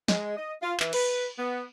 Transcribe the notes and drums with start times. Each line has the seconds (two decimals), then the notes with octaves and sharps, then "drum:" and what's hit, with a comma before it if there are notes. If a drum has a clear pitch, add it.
0.08 G#3, drum: snare
0.37 D#5
0.61 F4
0.80 E3, drum: clap
0.93 B4, drum: cymbal
1.38 B3